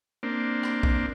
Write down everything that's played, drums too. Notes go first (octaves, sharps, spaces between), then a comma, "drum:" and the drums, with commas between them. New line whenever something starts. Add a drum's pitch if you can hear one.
A#3 C4 D4
drum: rim click
drum: kick